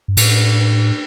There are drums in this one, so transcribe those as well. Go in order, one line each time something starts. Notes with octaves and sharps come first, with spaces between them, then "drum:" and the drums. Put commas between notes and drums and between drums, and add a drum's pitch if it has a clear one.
G2
A2, drum: cymbal